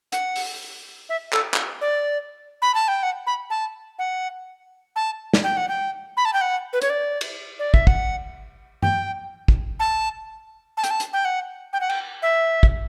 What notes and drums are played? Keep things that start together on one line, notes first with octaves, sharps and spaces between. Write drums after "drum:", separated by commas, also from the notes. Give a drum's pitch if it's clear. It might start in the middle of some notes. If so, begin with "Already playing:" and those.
F#5, drum: hi-hat
drum: open hi-hat
E5
A4, drum: clap
drum: clap
D5
B5
A5
G5
F#5
B5
A5
F#5
A5
drum: snare
G5
F#5
G5
B5
A5
G5
F#5
B4
C#5, drum: hi-hat
D5
drum: cymbal
D5
E5, drum: kick
F#5, drum: kick
G5, drum: tom G2
drum: kick
A5
A5
G5, drum: hi-hat
A5
drum: hi-hat
G5
F#5
G5
F#5
G5, drum: cymbal
E5
drum: kick